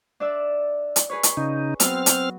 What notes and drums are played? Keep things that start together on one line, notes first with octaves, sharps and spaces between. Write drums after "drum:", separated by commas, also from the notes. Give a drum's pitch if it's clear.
D4 D5 E5
drum: hi-hat
G#4 B4 C#5
drum: hi-hat
C#3 D#4
F#3 B3 C4 F6, drum: hi-hat
drum: hi-hat